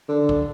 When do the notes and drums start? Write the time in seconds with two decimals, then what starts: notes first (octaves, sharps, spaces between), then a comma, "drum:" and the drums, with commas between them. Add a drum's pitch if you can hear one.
0.08 D3
0.29 drum: kick